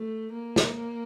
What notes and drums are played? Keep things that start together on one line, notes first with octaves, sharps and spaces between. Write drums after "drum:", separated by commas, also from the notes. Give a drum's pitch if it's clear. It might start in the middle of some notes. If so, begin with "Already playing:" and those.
Already playing: A3
A#3
drum: snare